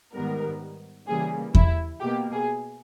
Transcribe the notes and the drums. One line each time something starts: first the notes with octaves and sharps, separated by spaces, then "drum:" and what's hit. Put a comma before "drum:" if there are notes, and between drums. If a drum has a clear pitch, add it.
G#2 D#3 G3 B3 A#4
C#3 E3 G3 A#3 G#4
E4, drum: kick E2
B2 A#3 G4
G#4